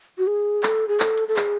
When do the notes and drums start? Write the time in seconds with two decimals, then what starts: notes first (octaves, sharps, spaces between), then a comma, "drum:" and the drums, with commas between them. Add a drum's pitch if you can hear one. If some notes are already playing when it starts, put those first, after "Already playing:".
0.18 F#4
0.27 G#4
0.63 A4, drum: clap
0.88 G#4
1.00 A4, drum: clap
1.18 drum: hi-hat
1.28 A4
1.36 G#4, drum: clap